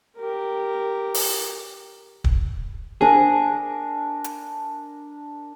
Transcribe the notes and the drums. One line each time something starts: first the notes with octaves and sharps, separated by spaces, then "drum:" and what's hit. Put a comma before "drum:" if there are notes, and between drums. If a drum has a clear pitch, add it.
G4 A#4
drum: open hi-hat
drum: kick
D4 G#4 A#4
drum: hi-hat